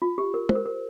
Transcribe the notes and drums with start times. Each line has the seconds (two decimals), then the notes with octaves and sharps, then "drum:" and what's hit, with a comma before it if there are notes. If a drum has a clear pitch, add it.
0.02 F4
0.18 G4
0.34 A#4
0.49 C5, drum: tom
0.55 A#4
0.66 A#4